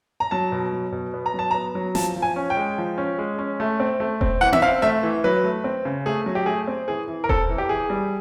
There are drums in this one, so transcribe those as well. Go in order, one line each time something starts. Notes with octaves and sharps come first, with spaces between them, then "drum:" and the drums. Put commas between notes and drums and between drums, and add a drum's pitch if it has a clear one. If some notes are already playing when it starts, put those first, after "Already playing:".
A#5
F#3 A5
B2
F#3
B2
B3
A#5
F#3 A5
B3 A#5
F#3
F3 A5, drum: snare
F3
G#5
C#4
G5
G#3
F3
C#4
G#3
C#4
A3
C4
A3
C4, drum: kick E1
E3 F#5
E5, drum: tom B3
C4 F5
A3 E5
E3
F#3 B4
A3
C4
C#3
A3 G#4
F#3
G4
A3 G#4
C4
E3 G#4
E3
A#4
C4 A4, drum: kick E1
E3
G4
E3 G#4
G3